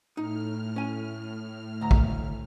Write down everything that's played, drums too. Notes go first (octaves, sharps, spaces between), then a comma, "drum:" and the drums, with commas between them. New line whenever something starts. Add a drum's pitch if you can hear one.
A2 D#4 F6
C#4 G#5
D2 A#5
drum: kick